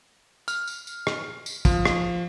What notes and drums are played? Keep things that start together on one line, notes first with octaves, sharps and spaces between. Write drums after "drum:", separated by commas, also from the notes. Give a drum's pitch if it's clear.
F6, drum: tambourine
drum: tambourine
drum: tambourine
drum: rim click
drum: tambourine
F3, drum: kick, tambourine
drum: rim click